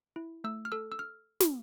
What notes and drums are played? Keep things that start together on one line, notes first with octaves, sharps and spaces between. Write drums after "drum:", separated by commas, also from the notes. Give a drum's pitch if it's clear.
E4
A3 E6
F6
A4 E6
E6
F6
drum: snare